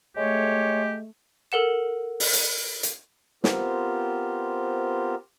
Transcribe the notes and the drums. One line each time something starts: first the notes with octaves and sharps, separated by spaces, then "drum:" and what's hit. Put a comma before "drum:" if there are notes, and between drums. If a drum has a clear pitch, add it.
G#3 A3 G4 C#5
A4 A#4 F#5 E7
drum: open hi-hat
drum: hi-hat
drum: hi-hat
B3 C4 F4 G4 A#4 C5, drum: snare